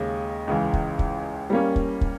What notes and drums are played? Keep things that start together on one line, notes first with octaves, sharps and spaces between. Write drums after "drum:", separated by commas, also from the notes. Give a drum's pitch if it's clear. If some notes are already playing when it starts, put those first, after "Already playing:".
Already playing: D#2 C#3 G#3
C#2 C#3 E3
drum: kick
drum: kick
G3 A#3 C#4
drum: kick
drum: kick